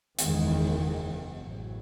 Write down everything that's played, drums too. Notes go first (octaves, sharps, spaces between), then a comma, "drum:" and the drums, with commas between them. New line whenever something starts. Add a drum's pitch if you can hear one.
F#1 E2 D#3 G#3, drum: hi-hat
A1 A2 F#3